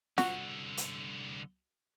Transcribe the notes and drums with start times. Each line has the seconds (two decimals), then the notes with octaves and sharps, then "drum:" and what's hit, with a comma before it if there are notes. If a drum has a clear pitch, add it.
0.18 C2 D3 F#4, drum: snare
0.77 drum: hi-hat